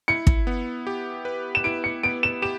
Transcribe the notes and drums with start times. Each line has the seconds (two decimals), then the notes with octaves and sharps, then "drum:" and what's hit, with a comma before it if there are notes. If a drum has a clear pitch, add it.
0.08 E4 C#7
0.27 drum: kick
0.47 B3
0.87 G4
1.25 B4
1.55 E7
1.64 E4 D7
1.84 C#7
2.03 B3 D7
2.23 E7
2.42 G4 E7